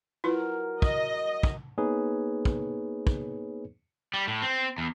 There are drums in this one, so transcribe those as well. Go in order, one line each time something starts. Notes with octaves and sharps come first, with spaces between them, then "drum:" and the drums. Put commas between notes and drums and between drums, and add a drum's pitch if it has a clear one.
F#3 E4 F4 A#4 B4
D#5, drum: kick
drum: kick
A#3 B3 D#4 G#4 B4 C#5
drum: kick
drum: kick
G3
A2
C4
E2